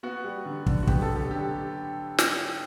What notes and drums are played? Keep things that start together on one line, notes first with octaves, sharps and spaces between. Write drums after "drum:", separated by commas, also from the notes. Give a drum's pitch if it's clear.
B3 F#4
G3
D3
D3, drum: kick
F#4
B3 G4, drum: kick
A4
F#3
G4
D3 G4
drum: snare